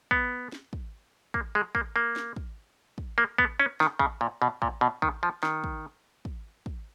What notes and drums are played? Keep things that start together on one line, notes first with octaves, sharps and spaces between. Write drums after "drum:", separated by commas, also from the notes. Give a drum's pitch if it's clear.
B3, drum: kick
drum: snare
drum: kick
A#3, drum: kick
G#3
A#3, drum: kick
A#3
drum: snare
drum: kick
drum: kick
A#3
B3, drum: kick
C#4
D#3, drum: snare
C#3, drum: kick
A#2
B2
A#2, drum: kick
B2
D#3, drum: kick
F3
D#3, drum: snare
drum: kick
drum: kick
drum: kick